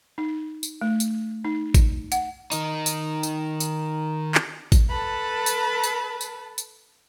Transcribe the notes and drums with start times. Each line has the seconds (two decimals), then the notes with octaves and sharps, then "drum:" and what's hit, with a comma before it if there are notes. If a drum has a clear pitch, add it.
0.18 D#4
0.63 drum: tambourine
0.81 A3
1.00 drum: tambourine
1.45 D#4
1.74 drum: kick G#1, tambourine
2.12 F#5, drum: tambourine
2.52 D#3 D#4, drum: tambourine
2.86 drum: tambourine
3.23 drum: tambourine
3.60 drum: tambourine
4.35 drum: clap
4.72 drum: kick G#1, tambourine
4.88 A4 B4 A5 B5
5.46 drum: tambourine
5.84 drum: tambourine
6.21 drum: tambourine
6.58 drum: tambourine